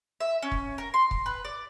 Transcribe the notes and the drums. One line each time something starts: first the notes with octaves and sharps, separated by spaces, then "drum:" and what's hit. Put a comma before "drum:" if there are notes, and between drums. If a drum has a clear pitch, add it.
E5
C#4
drum: kick
A#4
C6
drum: kick
B4
D5